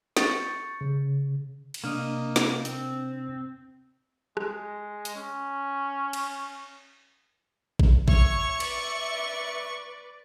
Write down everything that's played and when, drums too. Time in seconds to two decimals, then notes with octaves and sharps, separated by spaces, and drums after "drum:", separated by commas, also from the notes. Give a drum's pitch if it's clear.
0.17 C#6 G6 A6 C#7, drum: snare
0.81 C#3
1.74 drum: cymbal
1.84 C3 A#3 D4 D#5 F6
2.36 drum: snare
2.65 C4, drum: hi-hat
4.37 G#3, drum: rim click
5.05 drum: hi-hat
5.16 C#4
6.13 drum: cymbal
7.79 drum: kick A1
8.08 C#5 E5 C#6 C#7, drum: kick A1
8.60 B4 D5, drum: cymbal